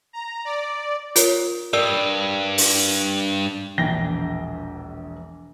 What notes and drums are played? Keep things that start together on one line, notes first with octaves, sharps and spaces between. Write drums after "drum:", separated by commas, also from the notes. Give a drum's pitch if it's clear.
A#5
D5
F4 A#4 C#5, drum: hi-hat
G2 A#4 D5 E6
drum: open hi-hat
E1 A#1 E2 G5 A#6 G7